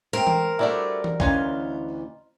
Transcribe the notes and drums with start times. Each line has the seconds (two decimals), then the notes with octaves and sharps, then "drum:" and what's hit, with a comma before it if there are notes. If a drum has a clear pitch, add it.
0.13 G#3 A3 C4 A#4
0.27 drum: tom E3
0.59 G3 A3 D4 E4 F#4 D5
1.04 drum: tom E3
1.20 D2 E3 C#4 D#4 F4 G#5, drum: kick